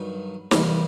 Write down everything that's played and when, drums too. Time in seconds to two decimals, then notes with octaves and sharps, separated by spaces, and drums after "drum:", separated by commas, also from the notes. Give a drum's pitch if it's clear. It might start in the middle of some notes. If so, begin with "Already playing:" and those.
Already playing: G2 D#3 F#3
0.51 E2 C3 D#3 G3 A#3, drum: snare